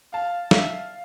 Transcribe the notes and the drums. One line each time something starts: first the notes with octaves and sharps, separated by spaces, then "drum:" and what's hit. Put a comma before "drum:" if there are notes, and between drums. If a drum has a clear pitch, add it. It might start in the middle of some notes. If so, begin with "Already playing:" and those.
F5 A5
E5 F5, drum: snare